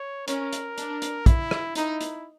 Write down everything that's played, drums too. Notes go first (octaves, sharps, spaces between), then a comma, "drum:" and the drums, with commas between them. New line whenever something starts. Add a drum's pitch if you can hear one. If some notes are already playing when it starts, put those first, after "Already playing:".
Already playing: C#5
C#4 A#4, drum: hi-hat
drum: hi-hat
D4, drum: hi-hat
drum: hi-hat
E4, drum: kick, hi-hat
drum: rim click
D#4 E4, drum: hi-hat
drum: hi-hat